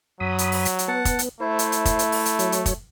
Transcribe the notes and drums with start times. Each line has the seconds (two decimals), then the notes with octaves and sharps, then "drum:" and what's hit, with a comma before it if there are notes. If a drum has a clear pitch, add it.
0.20 F#2 F#3 B5 D#6
0.38 drum: hi-hat
0.52 drum: open hi-hat
0.65 drum: hi-hat
0.79 drum: hi-hat
0.88 B3 F#5 A5
1.05 drum: kick, hi-hat
1.19 drum: hi-hat
1.40 A3 E4 C5
1.59 drum: hi-hat
1.72 drum: hi-hat
1.85 drum: kick, hi-hat
1.99 drum: hi-hat
2.12 drum: open hi-hat
2.26 drum: hi-hat
2.39 F#3 C#5, drum: hi-hat
2.52 drum: hi-hat
2.66 drum: kick, hi-hat